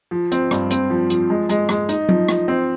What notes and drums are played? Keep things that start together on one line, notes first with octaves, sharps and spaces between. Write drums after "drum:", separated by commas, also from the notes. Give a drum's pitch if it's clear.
F3
C4, drum: hi-hat
G2, drum: rim click
C4, drum: hi-hat
F3
F3, drum: hi-hat
G#3
G#3, drum: hi-hat
G#3, drum: rim click
D#4, drum: hi-hat
F3, drum: tom F#3
F3, drum: rim click
C4